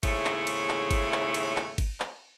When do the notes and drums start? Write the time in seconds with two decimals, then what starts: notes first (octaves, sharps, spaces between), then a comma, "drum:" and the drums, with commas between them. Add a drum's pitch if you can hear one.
0.03 D#2 G#2 C#3 A3 E4 C#5, drum: kick, cymbal
0.25 drum: clap
0.47 drum: cymbal
0.69 drum: clap
0.91 drum: kick, cymbal
1.12 drum: clap
1.34 drum: cymbal
1.56 drum: clap
1.78 drum: kick, cymbal
2.00 drum: clap